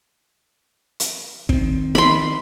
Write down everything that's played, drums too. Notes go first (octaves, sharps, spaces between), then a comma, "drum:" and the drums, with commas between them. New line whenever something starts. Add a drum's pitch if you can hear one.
drum: hi-hat
D#3 C4, drum: kick
B5 C6, drum: snare